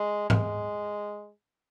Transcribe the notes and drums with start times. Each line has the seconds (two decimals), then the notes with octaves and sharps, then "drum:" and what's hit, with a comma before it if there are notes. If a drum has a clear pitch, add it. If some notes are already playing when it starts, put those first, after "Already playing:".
Already playing: G#3
0.30 G#3, drum: tom G#2